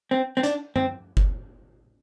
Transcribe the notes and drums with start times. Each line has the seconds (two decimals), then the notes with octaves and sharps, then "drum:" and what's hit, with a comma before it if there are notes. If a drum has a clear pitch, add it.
0.11 C4
0.37 C4
0.43 D4, drum: hi-hat
0.76 C4, drum: tom F#2
1.17 drum: kick F#1